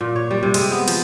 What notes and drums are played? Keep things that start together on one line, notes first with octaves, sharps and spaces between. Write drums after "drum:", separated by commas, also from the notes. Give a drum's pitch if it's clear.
A#2
C#5
G3
C3
G#3, drum: cymbal
B3
F3, drum: cymbal